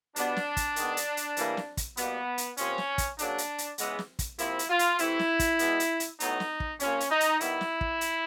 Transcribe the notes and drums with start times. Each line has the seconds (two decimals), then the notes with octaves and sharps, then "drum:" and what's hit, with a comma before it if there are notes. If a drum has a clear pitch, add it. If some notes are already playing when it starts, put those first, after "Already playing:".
0.16 B2 G3 B3 D4, drum: hi-hat
0.37 drum: snare
0.57 drum: kick, hi-hat
0.76 D#3 G#3 B3, drum: hi-hat
0.97 drum: hi-hat
1.17 drum: hi-hat
1.37 A2 E3 G3 A#3, drum: hi-hat
1.57 drum: snare
1.77 drum: kick, hi-hat
1.97 B2 G3 A#3 B3, drum: hi-hat
2.38 drum: hi-hat
2.57 C3 F3 A#3 C#4, drum: hi-hat
2.78 drum: snare
2.98 drum: kick, hi-hat
3.19 C#3 F#3 A#3 D4, drum: hi-hat
3.38 drum: hi-hat
3.58 drum: hi-hat
3.78 C#3 E3 G#3 B3, drum: hi-hat
3.99 drum: snare
4.19 drum: kick, hi-hat
4.38 C3 F3 A#3 E4, drum: hi-hat
4.59 drum: hi-hat
4.69 F4
4.79 drum: hi-hat
4.99 C3 E3 A3 E4, drum: hi-hat
5.19 drum: snare
5.39 drum: kick, hi-hat
5.59 B2 G#3 B3, drum: hi-hat
5.80 drum: hi-hat
6.00 drum: hi-hat
6.20 A2 F#3 B3 D#4, drum: hi-hat
6.40 drum: snare
6.60 drum: kick
6.80 C3 F3 A#3 C#4, drum: hi-hat
7.00 drum: hi-hat
7.10 D#4
7.21 drum: hi-hat
7.40 D#3 G3 B3 E4, drum: hi-hat
7.61 drum: snare
7.81 drum: kick
8.01 drum: hi-hat